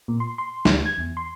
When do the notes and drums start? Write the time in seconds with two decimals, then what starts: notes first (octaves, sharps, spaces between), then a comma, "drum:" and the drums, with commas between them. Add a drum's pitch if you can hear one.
0.08 A#2
0.20 C6
0.38 C6
0.65 D2, drum: snare
0.86 G#6
0.98 E2
1.17 C6